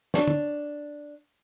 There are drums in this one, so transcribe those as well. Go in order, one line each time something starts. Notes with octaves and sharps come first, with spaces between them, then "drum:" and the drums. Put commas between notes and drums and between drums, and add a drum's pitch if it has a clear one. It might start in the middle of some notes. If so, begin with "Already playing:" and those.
D4 C#5, drum: snare
drum: tom